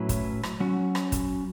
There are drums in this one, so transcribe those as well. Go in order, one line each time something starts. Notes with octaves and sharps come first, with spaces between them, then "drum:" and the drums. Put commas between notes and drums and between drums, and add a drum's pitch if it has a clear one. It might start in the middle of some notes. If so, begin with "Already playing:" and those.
Already playing: A2 F#3 C#4 E4 B4
drum: kick, hi-hat
drum: rim click
F#3 C#4 F#4
drum: rim click
drum: kick, hi-hat